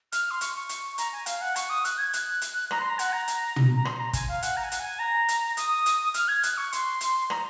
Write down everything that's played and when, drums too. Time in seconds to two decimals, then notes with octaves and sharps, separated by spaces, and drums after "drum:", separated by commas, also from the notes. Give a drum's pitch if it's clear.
0.12 F6, drum: hi-hat
0.31 C6
0.41 C#6, drum: hi-hat
0.54 C#6
0.69 drum: hi-hat
0.98 A#5, drum: hi-hat
1.13 G#5
1.26 F5, drum: hi-hat
1.41 F#5
1.56 C#6, drum: hi-hat
1.70 D#6
1.85 F#6, drum: hi-hat
1.98 G#6
2.13 F#6, drum: hi-hat
2.41 drum: hi-hat
2.71 A#5, drum: rim click
2.79 C6
2.89 A#5
2.99 F#5, drum: hi-hat
3.13 A#5
3.28 drum: hi-hat
3.56 drum: tom
3.76 A#5
3.85 C6, drum: rim click
4.00 A#5
4.13 G#5, drum: kick, hi-hat
4.29 F5
4.42 F#5, drum: hi-hat
4.57 A#5
4.64 G#5
4.72 F#5, drum: hi-hat
4.80 G#5
4.99 A#5
5.28 drum: hi-hat
5.57 D#6, drum: hi-hat
5.86 drum: hi-hat
6.14 F6, drum: hi-hat
6.28 G#6
6.43 F#6, drum: hi-hat
6.57 C#6
6.73 C6, drum: hi-hat
7.01 drum: hi-hat
7.30 A#5, drum: rim click